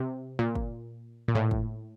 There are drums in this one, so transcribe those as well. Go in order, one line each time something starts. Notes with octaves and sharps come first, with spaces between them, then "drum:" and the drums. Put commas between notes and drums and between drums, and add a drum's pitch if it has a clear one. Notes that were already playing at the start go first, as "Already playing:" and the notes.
Already playing: C3
A#2
drum: kick
A#2
A2
drum: kick